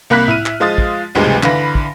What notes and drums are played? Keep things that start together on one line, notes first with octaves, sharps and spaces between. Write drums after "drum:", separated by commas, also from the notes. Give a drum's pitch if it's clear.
C2 A#3 B5 F#6 B6
E4 F6 D#7, drum: tom A2
drum: clap
F3 G#3 F4 D#6 A6
drum: kick
G1 D2 G2 F3 G#3
drum: tom C3
D3 E3 F5 B5 A#6, drum: clap
drum: kick